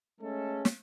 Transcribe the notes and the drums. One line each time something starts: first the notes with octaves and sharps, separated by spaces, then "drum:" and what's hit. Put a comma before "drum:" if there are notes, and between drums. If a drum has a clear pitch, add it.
G#3 A3 C#4 A4
drum: snare